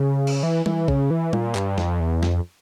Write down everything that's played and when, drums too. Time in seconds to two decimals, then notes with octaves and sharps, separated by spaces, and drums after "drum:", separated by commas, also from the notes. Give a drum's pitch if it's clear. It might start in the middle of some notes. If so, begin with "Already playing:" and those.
Already playing: C#3
0.27 drum: cymbal
0.43 E3
0.66 E3, drum: tom G3
0.88 C#3, drum: kick
1.11 E3
1.33 A#2, drum: tom G3
1.55 G2, drum: clap
1.78 F2, drum: snare
2.00 E2
2.23 F2, drum: snare